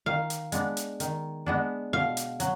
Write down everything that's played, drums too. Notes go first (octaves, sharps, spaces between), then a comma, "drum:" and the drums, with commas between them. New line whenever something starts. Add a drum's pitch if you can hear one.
D#3 F5
drum: hi-hat
G#3 B3 D4, drum: hi-hat
drum: hi-hat
D#3, drum: hi-hat
G#3 B3 D4
B2 F5
drum: hi-hat
F#3, drum: hi-hat